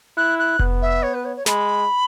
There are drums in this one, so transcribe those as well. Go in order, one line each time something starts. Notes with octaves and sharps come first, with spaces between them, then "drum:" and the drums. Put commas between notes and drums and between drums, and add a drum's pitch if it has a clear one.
E4 F#6
F#6
B3, drum: kick F1
E5
C#5
B4
C#5
C#5
G#3 B5, drum: snare